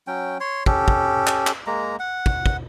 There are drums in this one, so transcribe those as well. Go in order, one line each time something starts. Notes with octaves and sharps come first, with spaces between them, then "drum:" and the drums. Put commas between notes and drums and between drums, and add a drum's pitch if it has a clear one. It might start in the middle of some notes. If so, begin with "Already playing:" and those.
F#3 C#4 G5
C#5 C6
C#4 G4 A4, drum: kick
drum: kick
drum: clap
drum: clap
G#3 A#3 A#5
F#5
drum: kick
drum: kick